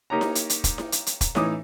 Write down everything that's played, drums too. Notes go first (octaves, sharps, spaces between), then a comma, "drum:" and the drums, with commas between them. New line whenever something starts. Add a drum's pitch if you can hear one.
A#3 D#4 G4 C#5 A#5
drum: snare E4
drum: hi-hat
drum: hi-hat
drum: kick E1, hi-hat
drum: snare E4
drum: hi-hat
drum: hi-hat
drum: kick E1, hi-hat
A2 E3 C#4 D#4 D6 D#6, drum: snare E4